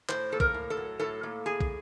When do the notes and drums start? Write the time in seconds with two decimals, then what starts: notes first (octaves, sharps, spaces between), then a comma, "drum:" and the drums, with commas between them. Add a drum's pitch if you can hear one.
0.09 A2 C5, drum: clap
0.32 A#3 A4
0.40 A#4, drum: kick
0.54 A2
0.70 A4
0.77 F#3
0.99 A2 A4
1.23 A#3
1.46 A2 G#4
1.61 drum: kick